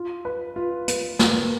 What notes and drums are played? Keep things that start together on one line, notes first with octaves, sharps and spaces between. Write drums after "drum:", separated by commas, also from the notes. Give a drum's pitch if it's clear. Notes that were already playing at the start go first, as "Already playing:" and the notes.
Already playing: F4
B4
F4
B4, drum: hi-hat
A#3, drum: snare